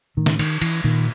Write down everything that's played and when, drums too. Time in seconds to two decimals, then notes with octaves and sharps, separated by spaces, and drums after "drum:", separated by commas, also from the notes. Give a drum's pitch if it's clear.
0.17 A2 D#3
0.26 drum: snare
0.39 D#3, drum: cymbal
0.61 E3, drum: cymbal
0.84 A#2 D#3